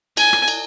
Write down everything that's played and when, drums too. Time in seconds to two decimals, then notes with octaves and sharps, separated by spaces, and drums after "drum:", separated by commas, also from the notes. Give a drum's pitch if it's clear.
0.17 G#5, drum: cymbal
0.33 drum: rim click
0.48 drum: cymbal